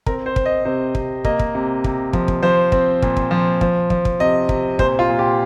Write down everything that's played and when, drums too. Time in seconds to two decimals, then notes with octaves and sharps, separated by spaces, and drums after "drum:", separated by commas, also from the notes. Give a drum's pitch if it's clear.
0.06 C4 A#4, drum: kick
0.26 C5
0.36 C4, drum: kick
0.46 D#5
0.65 C3 C5
0.95 C3, drum: kick
1.25 A#3 D#5, drum: kick
1.39 drum: kick
1.55 C3
1.84 C3, drum: kick
2.13 F3, drum: kick
2.28 drum: kick
2.43 F3 C5
2.72 C4, drum: kick
3.02 A#2, drum: kick
3.17 drum: kick
3.31 F3
3.61 F3, drum: kick
3.90 F3, drum: kick
4.05 drum: kick
4.20 C3 D#5
4.49 C3, drum: kick
4.79 A#2 C5, drum: kick
4.99 F4
5.09 A#2
5.19 G4